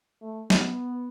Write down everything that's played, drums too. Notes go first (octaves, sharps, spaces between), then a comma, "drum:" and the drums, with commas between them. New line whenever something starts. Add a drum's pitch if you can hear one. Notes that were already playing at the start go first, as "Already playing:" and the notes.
A3
B3, drum: snare